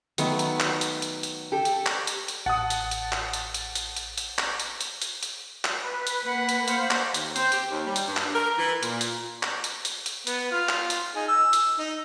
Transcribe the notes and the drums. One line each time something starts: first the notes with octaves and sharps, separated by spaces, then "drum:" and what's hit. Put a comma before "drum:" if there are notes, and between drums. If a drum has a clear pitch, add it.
D#3 F#3 A3 B3, drum: hi-hat
drum: hi-hat
drum: clap
drum: hi-hat
drum: hi-hat
drum: hi-hat
G4 A4
drum: hi-hat
drum: clap
drum: hi-hat
drum: hi-hat
A1 F#5 A5 D#6 A6
drum: hi-hat
drum: hi-hat
drum: clap
drum: hi-hat
drum: hi-hat
drum: hi-hat
drum: hi-hat
drum: hi-hat
drum: clap
drum: hi-hat
drum: hi-hat
drum: hi-hat
drum: hi-hat
drum: clap
B4
drum: hi-hat
A#3 F#5 B5
drum: hi-hat
C5 F5, drum: hi-hat
drum: clap
D#2, drum: hi-hat
C4, drum: hi-hat
G4, drum: hi-hat
D#2
G3
drum: hi-hat
G2
drum: clap
A#4
E3
A#2, drum: hi-hat
drum: hi-hat
drum: clap
drum: hi-hat
drum: hi-hat
drum: hi-hat
B3, drum: hi-hat
F4 F6
drum: clap
drum: hi-hat
D#4 G#4
E6
drum: hi-hat
D#4